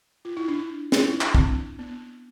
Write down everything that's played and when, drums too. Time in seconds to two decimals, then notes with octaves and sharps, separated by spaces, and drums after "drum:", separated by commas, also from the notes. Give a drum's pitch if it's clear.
0.25 F4
0.37 E4
0.48 D4
0.92 F4, drum: snare
1.06 E4
1.21 D4, drum: clap
1.35 C4, drum: kick
1.79 B3